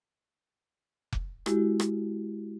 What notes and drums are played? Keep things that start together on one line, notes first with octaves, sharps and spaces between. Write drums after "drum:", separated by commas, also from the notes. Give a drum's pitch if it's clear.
drum: kick F1
G#3 E4 F#4 G4, drum: rim click
drum: rim click